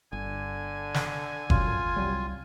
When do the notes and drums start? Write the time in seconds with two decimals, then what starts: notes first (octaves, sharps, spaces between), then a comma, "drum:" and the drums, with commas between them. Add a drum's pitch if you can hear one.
0.13 G1 D3 G#5
0.94 drum: snare
1.50 F#2 F4, drum: kick F#1
1.96 C2 F#3 G3